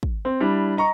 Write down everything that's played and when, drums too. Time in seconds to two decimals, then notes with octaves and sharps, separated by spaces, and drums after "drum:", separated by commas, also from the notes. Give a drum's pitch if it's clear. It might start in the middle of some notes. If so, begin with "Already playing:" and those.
0.03 drum: kick
0.25 C4
0.40 G3 D4 E4
0.77 D#5 A#5 C#6